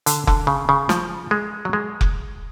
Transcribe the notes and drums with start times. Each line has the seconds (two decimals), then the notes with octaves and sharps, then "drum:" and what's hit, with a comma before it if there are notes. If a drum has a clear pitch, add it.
0.06 D3, drum: hi-hat
0.27 D3, drum: kick F1
0.47 C#3
0.69 C#3
0.89 F3, drum: snare
1.31 G#3
1.65 F#3
1.73 G#3
2.01 drum: kick F1